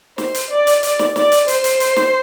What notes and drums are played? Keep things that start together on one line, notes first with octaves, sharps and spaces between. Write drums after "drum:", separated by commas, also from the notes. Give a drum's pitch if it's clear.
C5, drum: snare
drum: hi-hat
D5
drum: hi-hat
D5, drum: hi-hat
drum: snare
D5, drum: snare
drum: hi-hat
C5, drum: hi-hat
drum: hi-hat
drum: hi-hat
drum: snare